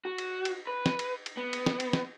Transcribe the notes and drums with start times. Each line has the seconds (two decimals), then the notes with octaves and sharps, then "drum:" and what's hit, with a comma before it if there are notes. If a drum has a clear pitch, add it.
0.05 F#4
0.18 drum: cymbal
0.45 drum: cymbal
0.67 B4
0.86 drum: snare
0.99 drum: cymbal
1.26 drum: cymbal
1.37 B3
1.53 drum: cymbal
1.66 drum: snare
1.80 drum: cymbal
1.93 drum: snare